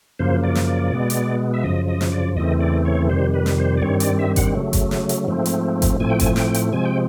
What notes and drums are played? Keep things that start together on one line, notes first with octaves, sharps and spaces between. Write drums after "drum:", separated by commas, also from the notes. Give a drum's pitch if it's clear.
F#2 C#3 F3 A#3 C5
D5
drum: snare
D5
B2 G#3 B3
drum: hi-hat
E5
F#2 C#3 F3 D#5
D#5
drum: snare
D5
E2 C#3 E3 A3 C4 D#5
D5
C#5
F2 C3 D#3 G3 C5
B4
drum: snare
C5
D5
G2 D#3 G3 C4 C#5
D5, drum: hi-hat
E5
F#5, drum: kick G1, hi-hat
C#3 F#3 A3
drum: kick G1, hi-hat
drum: snare
drum: hi-hat
G#2 F3 A3 C4
drum: hi-hat
drum: kick G1, hi-hat
A2 F3 A3 C4 G#5
G5
G#5, drum: kick G1, hi-hat
G5, drum: snare
drum: hi-hat
C3 F3 G#3 C4 G#5
G5